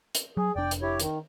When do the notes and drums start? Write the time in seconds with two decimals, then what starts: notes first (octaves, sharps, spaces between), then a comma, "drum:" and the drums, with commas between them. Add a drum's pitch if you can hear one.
0.15 drum: hi-hat
0.37 F#3 G#4
0.56 F1 D4 D5 G5
0.71 drum: hi-hat
0.82 E4 G4 C#5
1.00 D#3, drum: hi-hat